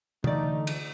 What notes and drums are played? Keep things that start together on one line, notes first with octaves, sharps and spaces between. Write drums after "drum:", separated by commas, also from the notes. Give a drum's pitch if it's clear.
D2 D3 E3 A3 D#4 D5, drum: tom C3
drum: cymbal